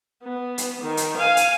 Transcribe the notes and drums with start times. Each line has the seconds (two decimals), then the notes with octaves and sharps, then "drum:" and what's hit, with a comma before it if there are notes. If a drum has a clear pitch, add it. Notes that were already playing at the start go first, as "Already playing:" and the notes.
0.23 B3
0.58 drum: hi-hat
0.81 D#3
0.97 drum: hi-hat
1.17 F5 G#5
1.37 drum: hi-hat